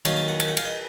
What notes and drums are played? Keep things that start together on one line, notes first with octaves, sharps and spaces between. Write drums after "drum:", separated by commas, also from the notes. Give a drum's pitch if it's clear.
D#3 F#3 A#3 F5, drum: cymbal
A5
F#5
A5, drum: cymbal
F#5
F5, drum: cymbal
D#5